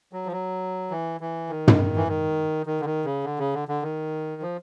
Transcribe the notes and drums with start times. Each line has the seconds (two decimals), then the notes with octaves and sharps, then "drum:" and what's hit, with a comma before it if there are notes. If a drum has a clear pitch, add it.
0.13 F#3
0.26 F3
0.32 F#3
0.90 E3
1.21 E3
1.49 D#3
1.68 drum: tom
1.96 E3
2.08 D#3
2.66 D#3
2.81 D3
2.85 D#3
3.05 C#3
3.24 D3
3.39 C#3
3.54 D3
3.68 D3
3.82 D#3
4.42 F3